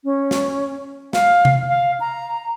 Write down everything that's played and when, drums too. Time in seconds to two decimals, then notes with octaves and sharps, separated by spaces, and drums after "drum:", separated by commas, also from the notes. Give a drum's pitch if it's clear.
0.04 C#4
0.31 drum: snare
1.13 F5, drum: snare
1.45 drum: tom C3
1.68 F5
2.00 A#5